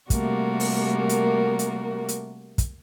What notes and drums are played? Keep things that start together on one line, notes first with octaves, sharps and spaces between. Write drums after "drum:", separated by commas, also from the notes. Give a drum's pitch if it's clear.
C3 G3 A3 A#3 F#4 A#4, drum: kick, hi-hat
drum: open hi-hat
drum: hi-hat
drum: hi-hat
drum: hi-hat
drum: kick, hi-hat